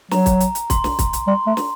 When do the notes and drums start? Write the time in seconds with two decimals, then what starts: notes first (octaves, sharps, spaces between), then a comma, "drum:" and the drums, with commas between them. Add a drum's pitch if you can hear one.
0.11 F#3 A#5, drum: snare
0.26 drum: kick, hi-hat
0.40 drum: hi-hat
0.55 drum: hi-hat
0.70 C6, drum: kick, hi-hat
0.84 drum: snare
0.99 drum: kick, hi-hat
1.13 drum: hi-hat
1.27 G3 C6
1.47 A3
1.57 drum: snare